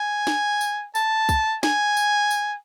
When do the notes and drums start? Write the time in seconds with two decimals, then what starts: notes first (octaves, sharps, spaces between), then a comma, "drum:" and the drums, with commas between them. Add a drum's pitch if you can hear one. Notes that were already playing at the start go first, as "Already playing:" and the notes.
Already playing: G#5
0.27 drum: snare
0.61 drum: tambourine
0.95 A5, drum: tambourine
1.29 drum: kick C2, tambourine
1.63 G#5, drum: snare
1.97 drum: tambourine
2.31 drum: tambourine